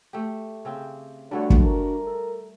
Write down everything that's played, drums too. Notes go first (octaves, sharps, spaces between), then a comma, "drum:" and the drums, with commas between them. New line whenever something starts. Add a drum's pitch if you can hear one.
A3 G4
C#3 C4 G4
D3 G3 A3 D4 F#4 C#5
drum: kick
A#4
A4